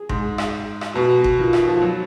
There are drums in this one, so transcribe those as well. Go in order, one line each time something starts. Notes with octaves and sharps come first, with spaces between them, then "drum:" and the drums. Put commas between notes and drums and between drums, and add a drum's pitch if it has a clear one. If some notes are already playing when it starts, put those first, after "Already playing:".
Already playing: G#4
G#2, drum: kick G1
drum: rim click
drum: rim click
B2 F#4
drum: kick G1
D#3 F4
drum: rim click
F3
F#3